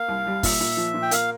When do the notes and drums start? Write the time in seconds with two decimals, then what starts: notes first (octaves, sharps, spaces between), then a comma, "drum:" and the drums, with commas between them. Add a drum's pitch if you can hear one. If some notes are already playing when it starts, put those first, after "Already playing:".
Already playing: A#3 F5
0.08 C2
0.27 G3
0.43 A#2 E5, drum: kick F#1, open hi-hat
0.60 A#2
0.77 F3
0.94 A#2
1.02 G5
1.11 A#3 F5, drum: hi-hat